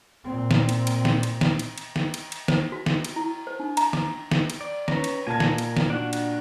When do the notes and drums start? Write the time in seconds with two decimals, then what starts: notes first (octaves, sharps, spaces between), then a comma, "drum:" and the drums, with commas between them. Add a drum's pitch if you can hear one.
0.24 A#2 C4
0.51 drum: snare
0.69 drum: cymbal
0.87 drum: cymbal
1.05 drum: snare
1.23 drum: cymbal
1.41 drum: snare
1.59 drum: cymbal
1.78 drum: cymbal
1.96 drum: snare
2.14 drum: cymbal
2.32 drum: cymbal
2.48 C5, drum: snare
2.72 F#4
2.86 drum: snare
3.05 drum: cymbal
3.16 E4
3.47 C5
3.60 D4
3.77 A#5, drum: cymbal
3.93 D6, drum: snare
4.31 drum: snare
4.50 drum: cymbal
4.61 D5
4.88 C#4 B4 A#5, drum: snare
5.04 drum: cymbal
5.27 A#2 A#4 G#5 A5 G#6
5.40 drum: snare
5.58 drum: cymbal
5.77 drum: snare
5.90 D4 F#4 F#5
6.13 drum: cymbal